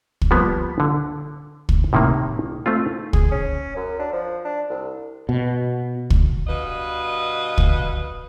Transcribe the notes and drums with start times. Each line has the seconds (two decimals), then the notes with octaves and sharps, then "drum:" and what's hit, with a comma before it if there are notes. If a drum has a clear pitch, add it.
0.21 drum: kick
0.31 F3 G3 A#3 B3
0.80 D3
1.69 drum: kick
1.93 A2 C3 D#3 A#3
2.66 A3 C4 F4
3.13 G#4, drum: kick
3.31 C#4
3.76 F#2
3.99 D4
4.13 F3
4.45 D4
4.70 C2
5.29 B2
6.10 drum: kick
6.47 G2 B2 B4 D#5 F5
7.58 drum: kick